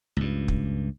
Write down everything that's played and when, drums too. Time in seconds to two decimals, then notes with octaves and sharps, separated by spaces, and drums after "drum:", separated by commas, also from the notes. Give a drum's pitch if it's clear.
0.17 C#2 G2
0.48 drum: kick